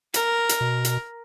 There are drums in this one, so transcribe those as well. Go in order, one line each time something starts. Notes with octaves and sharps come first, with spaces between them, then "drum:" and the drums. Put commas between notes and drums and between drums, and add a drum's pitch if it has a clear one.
A#4, drum: hi-hat
drum: hi-hat
B2
drum: hi-hat